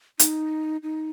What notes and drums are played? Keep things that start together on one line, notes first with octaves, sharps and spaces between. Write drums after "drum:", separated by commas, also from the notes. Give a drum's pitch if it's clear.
D#4, drum: hi-hat
D#4